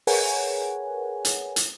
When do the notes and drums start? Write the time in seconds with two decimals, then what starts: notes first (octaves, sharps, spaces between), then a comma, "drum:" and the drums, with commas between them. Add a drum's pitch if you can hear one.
0.07 G#4 A#4 B4 C#5 F#5 G#5, drum: open hi-hat
1.25 drum: hi-hat
1.56 drum: hi-hat